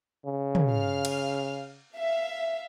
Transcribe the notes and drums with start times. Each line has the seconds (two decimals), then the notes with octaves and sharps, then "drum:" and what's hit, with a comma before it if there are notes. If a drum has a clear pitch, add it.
0.25 C#3
0.55 drum: tom
0.70 F5 F6
1.05 drum: cymbal
1.93 E5 F5